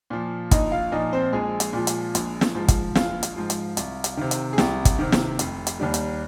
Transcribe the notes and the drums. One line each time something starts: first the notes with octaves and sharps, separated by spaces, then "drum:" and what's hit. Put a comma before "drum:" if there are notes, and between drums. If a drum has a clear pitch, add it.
A#2 F3
A#1 D#4 D#5, drum: kick, hi-hat
F4 F5
A#2 F3 D#4 D#5
C4 C5
A#1 G#3 G#4
drum: hi-hat
A#2 F3
drum: hi-hat
A#1, drum: hi-hat
drum: snare
G#2 F3
drum: kick, hi-hat
A#1 F4, drum: snare
drum: hi-hat
G#2 F3
drum: hi-hat
C2, drum: hi-hat
drum: hi-hat
C3 D#3
drum: hi-hat
G#4
C2 G4, drum: snare
drum: kick, hi-hat
C3 D#3
drum: snare
F1, drum: hi-hat
drum: hi-hat
D#2 D#3 G3
drum: hi-hat